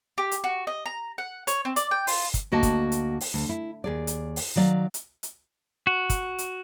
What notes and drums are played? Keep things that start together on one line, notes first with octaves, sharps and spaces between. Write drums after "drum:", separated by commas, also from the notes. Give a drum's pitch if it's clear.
G4
drum: hi-hat
F#4
D#5
A#5
F#5
C#5, drum: hi-hat
C4
D5, drum: hi-hat
G5
F4, drum: open hi-hat
drum: kick, hi-hat
D2 A#3 F#4 D#5 A5
drum: kick, hi-hat
drum: hi-hat
drum: open hi-hat
D2
E4
D#2 G#4 D5
drum: hi-hat
drum: open hi-hat
D#3 F#3 D5 E5 F5
drum: hi-hat
drum: hi-hat
F#4
drum: kick, hi-hat
drum: hi-hat